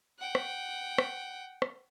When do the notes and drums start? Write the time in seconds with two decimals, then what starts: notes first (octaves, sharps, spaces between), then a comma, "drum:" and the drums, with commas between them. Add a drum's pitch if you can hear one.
0.19 F#5 G5
0.35 drum: rim click
0.98 drum: rim click
1.62 drum: rim click